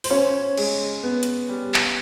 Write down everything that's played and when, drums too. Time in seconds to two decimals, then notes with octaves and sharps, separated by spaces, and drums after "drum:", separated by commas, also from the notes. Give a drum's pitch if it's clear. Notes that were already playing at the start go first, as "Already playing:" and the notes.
0.04 C5, drum: open hi-hat
0.10 C#4 C#5
0.57 G#3, drum: cymbal
1.03 B3
1.23 drum: hi-hat
1.49 G3
1.74 drum: clap